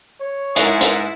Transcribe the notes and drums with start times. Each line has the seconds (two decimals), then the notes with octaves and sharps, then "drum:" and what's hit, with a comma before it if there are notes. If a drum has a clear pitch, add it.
0.20 C#5
0.56 G#2 E4 G#4 F#5, drum: hi-hat
0.81 drum: hi-hat